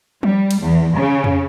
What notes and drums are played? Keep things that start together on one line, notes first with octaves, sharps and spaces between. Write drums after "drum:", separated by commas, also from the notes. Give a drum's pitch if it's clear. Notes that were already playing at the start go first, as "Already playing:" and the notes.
G3, drum: tom F3
drum: cymbal
E2
C#3
drum: tom F2